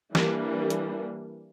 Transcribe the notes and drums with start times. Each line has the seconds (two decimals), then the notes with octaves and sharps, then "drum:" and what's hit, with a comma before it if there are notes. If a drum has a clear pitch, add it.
0.15 E3 G3 A#3 D4, drum: snare
0.70 drum: hi-hat